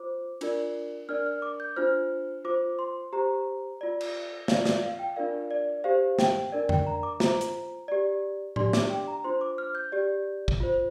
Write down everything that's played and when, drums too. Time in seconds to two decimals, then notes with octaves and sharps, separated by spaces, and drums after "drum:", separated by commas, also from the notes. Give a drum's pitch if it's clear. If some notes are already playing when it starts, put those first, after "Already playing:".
Already playing: F4 C5 D6
0.41 D4 F4 A#4 D5, drum: cymbal
1.09 D4 A#4 D5 F6
1.26 F6
1.42 D6
1.60 G6
1.76 D4 F4 C5 F6
2.45 F4 C5 D6
2.79 C6
3.13 G4 C5 A#5
3.81 F4 D5
4.01 drum: cymbal
4.48 F4 D5 F5, drum: snare
4.65 D5, drum: snare
4.83 F5
4.99 G5
5.16 D4 F4 A#4 D5 F5
5.51 D5
5.84 G4 C5 F5
6.19 G5, drum: snare
6.52 D4 A#4 D5
6.69 G5, drum: tom F2
6.87 A#5
7.03 D6
7.20 F4 C5 A#5, drum: snare
7.41 drum: hi-hat
7.88 G4 D5
8.56 D4 G4 D5 C6, drum: tom A2
8.73 D6, drum: snare
8.90 G5
9.08 A#5
9.24 D4 F4 C5 C6
9.41 D6
9.58 F6
9.75 G6
9.92 G4 D5
10.48 drum: kick
10.60 F4 C5